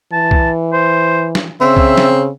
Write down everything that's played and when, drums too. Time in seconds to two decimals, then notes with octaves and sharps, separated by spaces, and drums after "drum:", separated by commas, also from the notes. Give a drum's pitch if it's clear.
0.13 E3 A5
0.31 drum: kick C2
0.73 C5
1.35 drum: snare
1.61 C#3 C4 E5
1.77 drum: kick C2
1.97 drum: snare